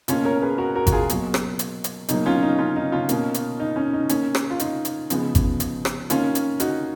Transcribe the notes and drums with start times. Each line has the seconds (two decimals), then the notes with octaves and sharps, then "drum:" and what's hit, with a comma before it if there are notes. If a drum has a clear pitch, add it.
0.08 B2 A#3 C#4 F4, drum: hi-hat
0.25 A#4 C#5
0.42 G#4 B4
0.58 F#4 A#4
0.75 F#4 A#4
0.87 F#4, drum: kick G#1, hi-hat
0.92 F4 G#4
1.09 B2 F#3 A#3, drum: hi-hat
1.34 drum: rim click
1.59 drum: hi-hat
1.84 drum: hi-hat
2.09 B2 F#3 A#3 D#4, drum: hi-hat
2.26 C#4 F4
2.43 D#4
2.59 C#4 F4
2.76 D#4
2.92 C#4 F4
3.09 B2 A#3, drum: hi-hat
3.34 drum: hi-hat
3.60 D#4
3.76 C#4
3.93 D#4
4.09 D#3 A#3 C#4, drum: hi-hat
4.35 drum: rim click
4.51 F4
4.60 D#4, drum: hi-hat
4.85 drum: hi-hat
5.10 C#3 F3 G#3 B3, drum: hi-hat
5.35 drum: kick G#1, hi-hat
5.60 drum: hi-hat
5.85 drum: rim click
6.10 D#3 A#3 C#4 F4, drum: hi-hat
6.35 drum: hi-hat
6.60 D#4 F#4, drum: hi-hat